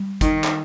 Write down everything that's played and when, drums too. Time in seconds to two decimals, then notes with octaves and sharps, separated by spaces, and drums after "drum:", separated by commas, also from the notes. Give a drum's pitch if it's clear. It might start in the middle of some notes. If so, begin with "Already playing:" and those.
Already playing: G3
0.21 D#3 D#4, drum: kick G1, hi-hat
0.44 drum: clap